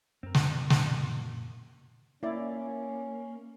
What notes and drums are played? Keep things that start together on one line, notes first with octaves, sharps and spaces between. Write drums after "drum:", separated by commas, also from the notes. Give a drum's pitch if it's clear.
F#2 C4 A#4
drum: snare
A#2, drum: snare
A#3 C#4 E4 D5